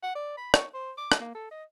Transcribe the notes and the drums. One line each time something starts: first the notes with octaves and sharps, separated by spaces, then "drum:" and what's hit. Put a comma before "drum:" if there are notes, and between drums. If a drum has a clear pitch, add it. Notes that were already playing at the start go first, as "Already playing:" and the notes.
F#5
D5
B5
C#5, drum: rim click
C5
D6
drum: rim click
A#3
A4
D#5